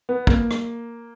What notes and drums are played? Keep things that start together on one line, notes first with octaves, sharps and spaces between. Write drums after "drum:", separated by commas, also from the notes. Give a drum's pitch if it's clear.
B3
A#3, drum: kick
drum: rim click